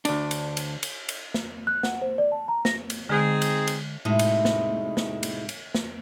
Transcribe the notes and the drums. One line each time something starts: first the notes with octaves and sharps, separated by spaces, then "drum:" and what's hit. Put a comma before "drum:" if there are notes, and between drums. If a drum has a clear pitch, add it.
D2 D4, drum: cymbal
drum: cymbal
drum: cymbal
drum: cymbal
drum: cymbal
drum: snare
F#6
F#5, drum: snare
C5
D5
A5
A#5
A#6, drum: snare
drum: cymbal
D3 G#3 C4 D#4 G#4
drum: cymbal
drum: cymbal
A2 C3 G#3 D#4 E4 F#4
drum: cymbal
drum: snare
drum: snare
drum: cymbal
drum: cymbal
drum: snare